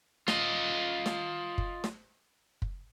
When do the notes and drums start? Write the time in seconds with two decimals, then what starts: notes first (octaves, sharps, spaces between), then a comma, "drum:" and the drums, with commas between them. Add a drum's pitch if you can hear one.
0.28 F4 D#5, drum: snare
1.06 drum: snare
1.58 drum: kick
1.84 drum: snare
2.62 drum: kick